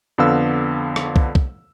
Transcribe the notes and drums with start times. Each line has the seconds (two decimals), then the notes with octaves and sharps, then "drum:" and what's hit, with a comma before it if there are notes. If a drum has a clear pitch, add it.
0.18 F2 D3 B3 F5 E6
0.96 drum: rim click
1.16 drum: kick
1.35 drum: kick